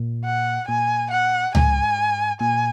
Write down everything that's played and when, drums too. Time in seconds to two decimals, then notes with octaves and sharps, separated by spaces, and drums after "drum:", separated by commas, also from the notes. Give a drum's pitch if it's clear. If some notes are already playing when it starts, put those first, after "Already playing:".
Already playing: A#2
0.25 F#5
0.68 A#2 G#5
1.11 F#5
1.55 G#2 G#5, drum: tom C#2
2.41 A#2 G#5